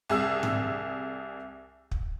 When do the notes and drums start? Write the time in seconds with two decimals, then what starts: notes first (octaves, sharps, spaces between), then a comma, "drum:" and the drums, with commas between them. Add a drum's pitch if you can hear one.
0.10 C2 G#4 E6 E7
0.43 drum: tom G#2
1.91 drum: kick